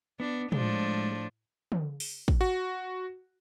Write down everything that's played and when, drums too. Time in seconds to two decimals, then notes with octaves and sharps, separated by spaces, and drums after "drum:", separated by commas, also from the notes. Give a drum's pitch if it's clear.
0.20 B3 D4
0.52 A2 F3 G#3 D4, drum: tom
1.72 drum: tom
2.00 drum: open hi-hat
2.28 drum: kick
2.41 F#4